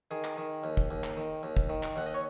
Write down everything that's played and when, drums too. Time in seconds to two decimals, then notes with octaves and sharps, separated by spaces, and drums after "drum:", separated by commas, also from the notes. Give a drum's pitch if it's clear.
0.11 D#3 G#4
0.24 drum: clap
0.38 D#3
0.64 D#2
0.77 drum: kick
0.91 D#2
1.04 drum: clap
1.17 D#3
1.43 D#2
1.57 drum: kick
1.69 D#3
1.83 drum: clap
1.96 D#2 F#5
2.06 D#5
2.14 C#5